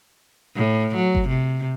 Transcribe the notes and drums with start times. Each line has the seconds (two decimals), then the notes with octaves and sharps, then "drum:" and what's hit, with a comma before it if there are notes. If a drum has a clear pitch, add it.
0.56 A2
0.96 F#3
1.15 drum: kick G1
1.29 C3